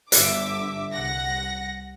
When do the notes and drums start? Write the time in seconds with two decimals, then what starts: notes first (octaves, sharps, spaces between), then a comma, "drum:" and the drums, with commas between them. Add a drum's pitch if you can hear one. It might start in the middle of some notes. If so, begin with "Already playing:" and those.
0.12 G1 D3 E5 D6, drum: hi-hat
0.92 C2 F#5 A#6